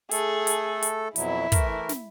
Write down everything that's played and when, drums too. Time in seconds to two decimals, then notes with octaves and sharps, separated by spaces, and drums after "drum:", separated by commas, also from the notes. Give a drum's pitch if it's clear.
0.11 A3 G#4 A4, drum: hi-hat
0.47 drum: hi-hat
0.82 drum: hi-hat
1.16 F2 B2 F#3 E4 E5, drum: hi-hat
1.52 E3 A3 A#4, drum: kick, hi-hat
1.89 drum: snare